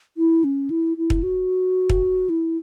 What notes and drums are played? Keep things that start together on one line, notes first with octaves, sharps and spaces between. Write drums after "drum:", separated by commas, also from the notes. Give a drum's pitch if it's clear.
E4
C#4
E4
E4
drum: kick
F#4
drum: kick
E4